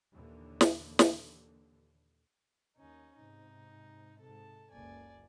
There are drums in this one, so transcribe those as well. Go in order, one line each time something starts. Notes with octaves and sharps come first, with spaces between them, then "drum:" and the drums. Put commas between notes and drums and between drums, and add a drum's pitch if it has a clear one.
D#2 A#2 D3 E3
drum: snare
drum: snare
D#2 C#4 D#4
G#2 C3 D#4
G#2 C3 A4 A5
F#1 C#2 A#3 D5 G#5